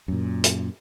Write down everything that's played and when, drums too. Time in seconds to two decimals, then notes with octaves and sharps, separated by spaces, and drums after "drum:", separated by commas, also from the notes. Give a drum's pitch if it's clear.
0.08 F#2 A#2
0.44 drum: hi-hat